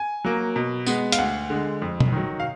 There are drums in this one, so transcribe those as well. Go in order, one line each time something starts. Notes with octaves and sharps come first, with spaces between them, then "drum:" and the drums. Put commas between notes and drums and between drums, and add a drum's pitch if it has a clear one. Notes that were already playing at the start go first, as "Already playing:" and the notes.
Already playing: G#5
F#3 A#3
B2
G#3 B3, drum: tambourine
F5, drum: hi-hat
D2 F#5
D3 G#3
F2
drum: tom
D#3 F#3
F5